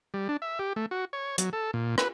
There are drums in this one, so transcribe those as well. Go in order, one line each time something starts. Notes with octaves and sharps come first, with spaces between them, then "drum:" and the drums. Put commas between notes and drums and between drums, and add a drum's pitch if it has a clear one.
G3
D4
E5
G4
A3
F#4
C#5
F#3, drum: hi-hat
A4
A#2
B4, drum: rim click